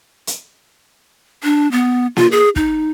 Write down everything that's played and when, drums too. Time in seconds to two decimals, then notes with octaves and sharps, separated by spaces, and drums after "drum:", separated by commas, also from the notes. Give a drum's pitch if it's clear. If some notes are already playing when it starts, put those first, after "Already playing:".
0.27 drum: hi-hat
1.43 D4
1.72 B3
2.17 F4, drum: snare A#3
2.32 G#4
2.56 D#4, drum: kick